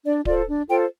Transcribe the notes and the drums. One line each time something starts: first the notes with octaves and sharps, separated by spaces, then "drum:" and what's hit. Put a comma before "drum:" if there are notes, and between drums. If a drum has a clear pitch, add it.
D4 D5
F4 A4 C5 D5, drum: kick D1
D4
F4 A4 C5 G5